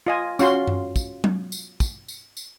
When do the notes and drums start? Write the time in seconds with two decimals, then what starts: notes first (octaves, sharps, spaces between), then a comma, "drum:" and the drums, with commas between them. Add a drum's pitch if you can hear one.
0.07 F4 D#5 G#5
0.39 C#4 F4 F#4 C6, drum: tambourine
0.67 drum: tom F#2
0.96 drum: kick, tambourine
1.24 drum: tom F#3
1.52 drum: tambourine
1.80 drum: kick, tambourine
2.08 drum: tambourine
2.37 drum: tambourine